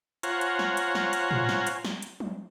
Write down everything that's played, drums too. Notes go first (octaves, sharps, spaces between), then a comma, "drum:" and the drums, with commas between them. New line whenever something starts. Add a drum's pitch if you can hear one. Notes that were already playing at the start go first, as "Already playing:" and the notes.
F4 C5 C#5 F#5 G#5 A#5, drum: hi-hat
drum: hi-hat
drum: snare
drum: hi-hat
drum: snare
drum: hi-hat
drum: tom A2
drum: snare
drum: hi-hat
drum: snare
drum: hi-hat
drum: tom F3